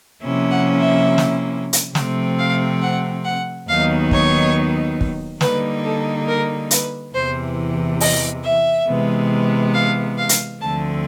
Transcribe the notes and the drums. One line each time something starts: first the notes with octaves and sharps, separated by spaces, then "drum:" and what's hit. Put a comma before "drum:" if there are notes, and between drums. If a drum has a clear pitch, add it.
C3 F3 A#3 C#4 E4
F#5
E5
drum: snare
drum: hi-hat
C3 F3 A3 C4, drum: snare
F5
F#5
F#5
D#2 D#3 F#3 B3 D#4 F5
C#5, drum: kick
drum: kick
D3 G3 A#3 D#4 B4, drum: snare
A4
A#4
B4, drum: hi-hat
E2 C3 E3 C5
D#5, drum: open hi-hat
E5
C3 E3 G#3 B3
F5
F5
drum: hi-hat
D2 D3 F3 A3 C4 A5